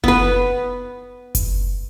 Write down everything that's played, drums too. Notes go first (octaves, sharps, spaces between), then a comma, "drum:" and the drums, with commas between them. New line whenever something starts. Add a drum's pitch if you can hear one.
B3 B4, drum: kick F#1
drum: kick F#1, hi-hat